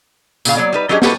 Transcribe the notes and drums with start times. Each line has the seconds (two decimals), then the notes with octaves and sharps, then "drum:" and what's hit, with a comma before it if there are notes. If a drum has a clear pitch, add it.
0.45 A#2 C#3 F5, drum: tambourine
0.57 F#3 A#3 C#5 D5
0.73 G3 D#4 B4
0.89 F#3 C#4 D4 G4 G#4 D#5
1.02 A#3 E4 F#4 G4 A4 B4, drum: snare